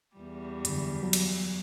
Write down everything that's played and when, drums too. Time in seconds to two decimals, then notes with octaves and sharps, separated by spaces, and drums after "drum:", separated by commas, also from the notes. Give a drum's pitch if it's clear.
0.16 E2 G3
0.65 F#2 D3, drum: hi-hat
1.03 F#3
1.13 drum: cymbal